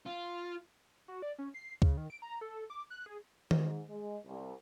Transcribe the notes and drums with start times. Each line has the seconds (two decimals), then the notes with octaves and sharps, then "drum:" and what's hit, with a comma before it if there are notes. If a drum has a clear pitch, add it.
0.06 F4
1.08 F#4
1.22 D5
1.39 C#4
1.54 C7
1.82 C#3, drum: kick D2
1.97 D#3
2.10 D7
2.22 A#5
2.41 A4
2.70 D6
2.90 F#6
3.06 G#4
3.51 G#2, drum: tom D#3
3.88 G#3
4.25 C2